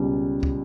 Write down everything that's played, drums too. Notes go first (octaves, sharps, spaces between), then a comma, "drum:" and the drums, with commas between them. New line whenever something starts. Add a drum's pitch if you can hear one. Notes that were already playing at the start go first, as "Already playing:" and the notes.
Already playing: C#2 B2 G3
drum: kick